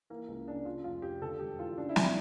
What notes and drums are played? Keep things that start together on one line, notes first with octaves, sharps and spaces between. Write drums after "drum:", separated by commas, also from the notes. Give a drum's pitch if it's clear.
E3 A#3
C#2
C#3 D4
C#3 F4
F1 F4
F2 G4
D3 A4
E1 G4
E2 F4
C#3 D4
E4
E3, drum: snare
D4